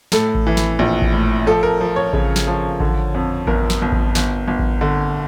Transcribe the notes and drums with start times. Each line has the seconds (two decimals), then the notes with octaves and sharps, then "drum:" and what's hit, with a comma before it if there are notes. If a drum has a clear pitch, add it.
0.12 A2 A4, drum: snare
0.35 drum: kick A1
0.47 E3
0.57 drum: snare
0.79 A#1
1.02 drum: kick A1
1.13 A2
1.46 F3 A4
1.63 A#4
1.81 F3
1.96 C#5
2.13 C#3, drum: kick A1
2.36 drum: snare
2.47 F3
2.80 D3, drum: kick A1
3.14 F2
3.47 G1 A#4, drum: kick A1
3.70 drum: snare
3.82 G1
3.92 drum: kick A1
4.15 G1, drum: snare
4.48 G1
4.59 drum: kick A1
4.81 D3